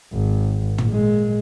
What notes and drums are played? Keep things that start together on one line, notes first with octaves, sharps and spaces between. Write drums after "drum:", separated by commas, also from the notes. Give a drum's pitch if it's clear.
G#1
drum: tom
A#2 G#3